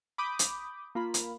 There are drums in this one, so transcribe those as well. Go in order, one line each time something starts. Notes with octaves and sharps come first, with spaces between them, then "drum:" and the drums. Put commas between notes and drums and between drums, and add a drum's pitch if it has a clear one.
B5 D6 D#6 G6
drum: hi-hat
A#3 F4 B5
drum: hi-hat